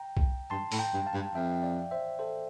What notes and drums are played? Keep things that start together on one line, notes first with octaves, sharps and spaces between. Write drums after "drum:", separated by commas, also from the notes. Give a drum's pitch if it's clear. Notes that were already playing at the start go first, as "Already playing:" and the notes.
Already playing: G5 A#5
drum: kick B1
G2 A5 C6
A2, drum: open hi-hat
G5 A#5
G2
F5 A5
G2
F2 E5 G5
D5 F5
C5 E5
A4 C5